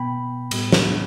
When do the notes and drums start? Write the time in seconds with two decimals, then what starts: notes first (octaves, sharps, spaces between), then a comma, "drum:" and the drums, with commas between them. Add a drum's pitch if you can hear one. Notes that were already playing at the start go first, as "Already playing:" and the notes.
Already playing: B2 B3 G5 B5
0.51 A2 G3 B3, drum: cymbal
0.72 drum: snare